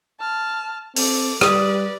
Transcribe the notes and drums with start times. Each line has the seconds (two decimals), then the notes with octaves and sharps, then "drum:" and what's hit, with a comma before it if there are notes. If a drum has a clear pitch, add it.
0.20 A5 F6
0.96 C4 A4 D6, drum: open hi-hat
1.41 G3 B4 D5 D#6, drum: rim click